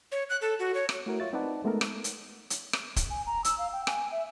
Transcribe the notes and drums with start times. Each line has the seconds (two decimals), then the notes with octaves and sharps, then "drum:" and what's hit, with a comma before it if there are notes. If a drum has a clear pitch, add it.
0.12 C#5
0.29 F#6
0.41 A4
0.59 F#4
0.74 C#5
0.89 drum: rim click
1.06 A3 E4 F#4 A#4
1.20 F4 C#5 E5 A6
1.33 C4 D#4 B4 D5 F#5 A5
1.64 G#3 A3 B3 D#4 A4 A#4
1.81 drum: rim click
2.04 drum: hi-hat
2.50 drum: hi-hat
2.73 drum: rim click
2.96 drum: kick, hi-hat
3.10 G#5
3.26 A#5
3.44 E6, drum: hi-hat
3.58 F5
3.73 G5
3.87 G#5, drum: rim click
4.12 E5